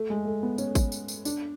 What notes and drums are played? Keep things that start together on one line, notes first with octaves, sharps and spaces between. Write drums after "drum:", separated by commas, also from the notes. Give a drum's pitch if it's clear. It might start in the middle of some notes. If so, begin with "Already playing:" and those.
Already playing: A3
G#3
A3
B3
C#4, drum: tambourine
drum: kick, tambourine
drum: tambourine
drum: tambourine
D4, drum: tambourine